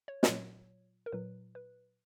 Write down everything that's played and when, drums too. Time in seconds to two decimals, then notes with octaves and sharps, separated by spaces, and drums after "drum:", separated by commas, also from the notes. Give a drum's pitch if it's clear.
0.08 C#5
0.23 D#5, drum: snare
0.28 A#2 F#3 C#5
1.06 A#4
1.12 A#2 F#3 B4
1.55 B4